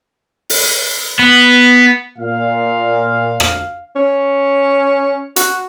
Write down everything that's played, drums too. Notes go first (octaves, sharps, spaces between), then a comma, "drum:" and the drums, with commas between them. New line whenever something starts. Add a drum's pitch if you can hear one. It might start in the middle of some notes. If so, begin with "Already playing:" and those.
drum: open hi-hat
B3
A#2 F5
drum: rim click
C#4
F#4, drum: hi-hat